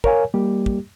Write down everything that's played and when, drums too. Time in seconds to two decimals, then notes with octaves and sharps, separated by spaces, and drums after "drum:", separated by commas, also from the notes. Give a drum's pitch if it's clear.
0.04 A#4 C#5 F5 G#5, drum: kick
0.34 G3 A#3 G4
0.66 drum: kick